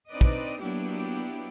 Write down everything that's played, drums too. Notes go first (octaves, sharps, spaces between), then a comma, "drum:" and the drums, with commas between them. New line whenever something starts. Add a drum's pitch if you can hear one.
C4 D4 D#4 B4 D5 D#5
drum: kick
F#3 A#3 B3 D4 E4 G4